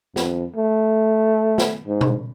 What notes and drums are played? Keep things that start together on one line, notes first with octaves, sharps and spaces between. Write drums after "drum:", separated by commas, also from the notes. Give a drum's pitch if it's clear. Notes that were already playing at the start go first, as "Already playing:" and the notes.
F2, drum: snare
A3
drum: snare
G#2
drum: tom B2